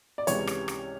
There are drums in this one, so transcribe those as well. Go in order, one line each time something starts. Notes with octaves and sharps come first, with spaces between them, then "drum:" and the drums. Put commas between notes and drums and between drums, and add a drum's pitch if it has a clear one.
D5
C#2 C3 E3 C#4 C#5, drum: hi-hat
drum: rim click
drum: rim click